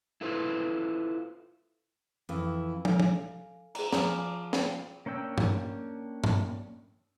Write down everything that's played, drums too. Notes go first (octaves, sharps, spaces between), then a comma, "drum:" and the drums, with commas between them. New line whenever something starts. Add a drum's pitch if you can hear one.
E4 F4 A4 B4 C5
F2 E3
A4 F5 G#5, drum: tom
drum: tom
G#4 A#5, drum: cymbal
F3 D5 G#5 A#5, drum: snare
F#5 G5, drum: snare
A#3 C#4 D4 G5 E6
drum: tom
drum: tom